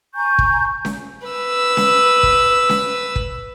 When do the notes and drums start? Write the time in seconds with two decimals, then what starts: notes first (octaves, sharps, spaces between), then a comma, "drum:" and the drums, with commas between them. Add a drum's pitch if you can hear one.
0.15 G#5 A#5 C#6 G6
0.39 drum: kick
0.85 drum: snare C#4
1.28 B4 E6
1.77 drum: snare C#4
2.23 drum: kick
2.69 drum: snare C#4
3.16 drum: kick